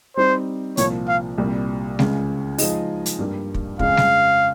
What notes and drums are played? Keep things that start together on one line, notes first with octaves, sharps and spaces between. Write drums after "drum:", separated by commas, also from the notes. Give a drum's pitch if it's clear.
G3 C4 D#4 C5
C2 A#2 F3 C#5, drum: hi-hat
F5
C2 A#2 G3
C#2 C#3 G#3, drum: snare G3
F3 G#3 D#4 G#4 D#5, drum: open hi-hat
drum: hi-hat
G2 G3 A#3
drum: kick
F2 C#3 G#3 F5, drum: kick
drum: snare G3